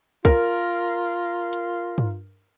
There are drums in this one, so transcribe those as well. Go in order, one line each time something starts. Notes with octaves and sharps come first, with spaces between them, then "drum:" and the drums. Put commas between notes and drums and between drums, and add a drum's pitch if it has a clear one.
F4 A#4, drum: kick
drum: hi-hat
drum: tom